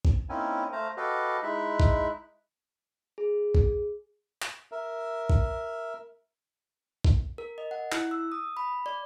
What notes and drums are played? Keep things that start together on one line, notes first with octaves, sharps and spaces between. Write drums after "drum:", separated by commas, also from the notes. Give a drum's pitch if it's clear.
drum: kick A#1
A#3 C4 C#4 D#4 E4 G#5
A3 C5 F5 A#5
F#4 G4 A4 B4 D#5 F5
G#3 D#4 E4 E5 F#6
drum: kick A#1
G#4
drum: kick A#1
drum: clap
A#4 E5
drum: kick A#1
drum: kick A#1
A#4
D#5
F#5
E4, drum: clap
E6
D#6
B5
D5